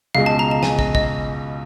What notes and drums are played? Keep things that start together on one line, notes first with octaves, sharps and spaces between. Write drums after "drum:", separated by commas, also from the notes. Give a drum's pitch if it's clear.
C#2 B2 G#3 F5
A5
A#5
A5
G#5, drum: snare
D#5, drum: kick
D#5, drum: kick